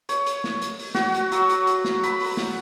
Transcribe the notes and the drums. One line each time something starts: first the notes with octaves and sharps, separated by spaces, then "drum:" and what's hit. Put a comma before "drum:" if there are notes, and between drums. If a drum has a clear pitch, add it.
C#5, drum: hi-hat
drum: hi-hat
drum: snare
drum: hi-hat
drum: open hi-hat
F#4, drum: snare
drum: hi-hat
F#3, drum: hi-hat
drum: hi-hat
drum: hi-hat
drum: snare
B5, drum: hi-hat
drum: open hi-hat
drum: snare